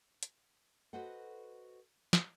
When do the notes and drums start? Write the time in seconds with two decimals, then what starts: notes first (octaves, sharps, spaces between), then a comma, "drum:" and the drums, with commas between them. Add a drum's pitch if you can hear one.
0.23 drum: hi-hat
0.93 F#4 A4 B4 C5 D#5 F#5
2.13 drum: snare